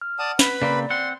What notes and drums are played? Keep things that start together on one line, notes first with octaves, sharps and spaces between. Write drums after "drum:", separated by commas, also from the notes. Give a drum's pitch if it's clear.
F6
D5 F#5 A5 D#6
B4 B5, drum: snare
C#3 A#3 C4 D5
C4 F#5 C6